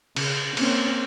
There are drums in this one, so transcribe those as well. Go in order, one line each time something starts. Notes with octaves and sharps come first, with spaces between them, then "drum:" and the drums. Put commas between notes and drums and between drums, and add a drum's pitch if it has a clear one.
C#3, drum: cymbal
A#3 C4 C#4, drum: cymbal